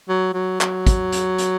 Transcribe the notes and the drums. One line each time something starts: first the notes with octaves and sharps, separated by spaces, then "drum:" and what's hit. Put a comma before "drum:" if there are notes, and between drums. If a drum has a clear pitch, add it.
F#3
F#3
F#3, drum: clap
drum: kick, hi-hat
drum: hi-hat
drum: hi-hat